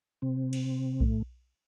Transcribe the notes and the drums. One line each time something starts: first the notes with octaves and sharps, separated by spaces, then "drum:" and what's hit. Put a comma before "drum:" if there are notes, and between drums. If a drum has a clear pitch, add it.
C3 C4
drum: cymbal
A2 A3, drum: kick B1